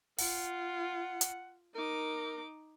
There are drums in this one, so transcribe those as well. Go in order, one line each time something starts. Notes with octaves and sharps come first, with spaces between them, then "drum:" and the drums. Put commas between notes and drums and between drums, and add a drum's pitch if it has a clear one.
F4 F#5, drum: open hi-hat
drum: hi-hat
D#4 A#4 D6